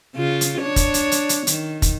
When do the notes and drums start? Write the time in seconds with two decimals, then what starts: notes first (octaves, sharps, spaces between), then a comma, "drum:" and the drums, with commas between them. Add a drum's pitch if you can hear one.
0.16 C#3 F4
0.41 drum: hi-hat
0.61 D4 C#5
0.76 drum: kick, hi-hat
0.94 drum: hi-hat
1.12 drum: hi-hat
1.29 drum: hi-hat
1.47 D#3, drum: hi-hat
1.82 drum: kick, hi-hat